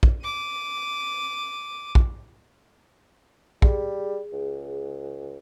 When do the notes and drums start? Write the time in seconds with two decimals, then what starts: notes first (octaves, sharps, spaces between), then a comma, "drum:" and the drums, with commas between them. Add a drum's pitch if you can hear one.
0.03 drum: kick
0.24 D6 D#7
1.95 drum: kick
3.62 G3 G#4, drum: kick
4.33 C#2